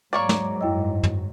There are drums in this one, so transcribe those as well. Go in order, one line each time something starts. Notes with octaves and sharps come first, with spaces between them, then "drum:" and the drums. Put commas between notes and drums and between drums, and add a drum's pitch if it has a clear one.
G#2 F#3 A#3 C#5 D5
drum: snare
F#2 E4 D#5 G5 E6
drum: tom